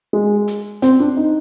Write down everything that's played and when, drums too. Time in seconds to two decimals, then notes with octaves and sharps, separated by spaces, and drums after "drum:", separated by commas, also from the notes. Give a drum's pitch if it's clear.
0.13 G#3
0.48 drum: hi-hat
0.82 C4, drum: hi-hat
1.00 D4
1.17 D#4